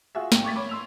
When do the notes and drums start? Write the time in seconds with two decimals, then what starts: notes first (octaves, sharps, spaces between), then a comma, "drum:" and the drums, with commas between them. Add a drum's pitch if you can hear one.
0.15 F4 F#4 G#4 E5
0.32 G#1 G5, drum: snare
0.44 C#6 D6 G#6 A6 B6
0.56 C#5 B5 D6
0.69 C6 E6 F7